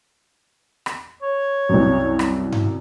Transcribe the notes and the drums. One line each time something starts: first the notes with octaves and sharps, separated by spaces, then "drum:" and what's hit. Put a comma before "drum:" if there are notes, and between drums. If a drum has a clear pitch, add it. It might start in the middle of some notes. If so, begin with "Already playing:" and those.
drum: rim click
C#5
C2 F#2
drum: rim click
drum: tom G2